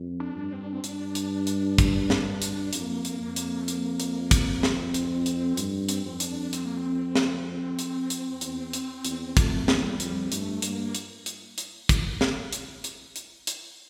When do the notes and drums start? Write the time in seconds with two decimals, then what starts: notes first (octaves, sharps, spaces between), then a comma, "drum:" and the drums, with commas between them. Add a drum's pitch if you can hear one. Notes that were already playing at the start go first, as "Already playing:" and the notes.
Already playing: F2
0.20 D4
0.36 G2
0.53 C4
0.63 D4
0.73 C4
0.84 G2 D4, drum: hi-hat
1.15 drum: hi-hat
1.47 drum: hi-hat
1.78 drum: kick, hi-hat
2.10 drum: snare
2.42 drum: hi-hat
2.73 F2 A#3, drum: hi-hat
3.05 drum: hi-hat
3.21 F2
3.36 drum: hi-hat
3.62 A3
3.68 A#3, drum: hi-hat
4.00 drum: hi-hat
4.31 drum: kick, hi-hat
4.63 C4, drum: snare
4.94 drum: hi-hat
5.11 C4
5.26 drum: hi-hat
5.57 G2, drum: hi-hat
5.89 C4, drum: hi-hat
6.05 F2
6.20 D4, drum: hi-hat
6.53 C4, drum: hi-hat
6.65 A#3
6.77 C4
7.15 drum: snare
7.79 drum: hi-hat
8.10 drum: hi-hat
8.41 E2, drum: hi-hat
8.73 drum: hi-hat
9.05 E2, drum: hi-hat
9.37 F2 A3, drum: kick, hi-hat
9.68 E2, drum: snare
9.84 G3
10.00 F2, drum: hi-hat
10.32 G2 A3, drum: hi-hat
10.62 G2 A#3, drum: hi-hat
10.95 drum: hi-hat
11.26 drum: hi-hat
11.58 drum: hi-hat
11.89 drum: kick, hi-hat
12.21 drum: snare
12.53 drum: hi-hat
12.84 drum: hi-hat
13.16 drum: hi-hat
13.47 drum: hi-hat